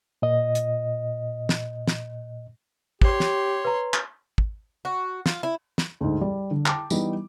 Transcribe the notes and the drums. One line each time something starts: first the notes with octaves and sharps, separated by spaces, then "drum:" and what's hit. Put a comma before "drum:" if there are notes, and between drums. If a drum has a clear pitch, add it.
A#2 D#5
drum: hi-hat
drum: snare
drum: snare
G4 C#5 C6, drum: kick
drum: snare
B4 A#5
drum: clap
drum: kick
F#4
F4, drum: snare
E4
drum: snare
D2 G#2
G3 D5
D3
G5 A5 D6, drum: clap
E3 G3 B3 D#4, drum: tambourine